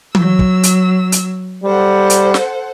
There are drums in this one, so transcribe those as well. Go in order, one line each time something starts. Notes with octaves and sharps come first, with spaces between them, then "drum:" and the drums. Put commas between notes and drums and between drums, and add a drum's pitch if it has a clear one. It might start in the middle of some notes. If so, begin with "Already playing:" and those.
F#3 E6, drum: tom E3
drum: kick
drum: hi-hat
drum: hi-hat
G3 A4 C5 F#5
drum: hi-hat
drum: snare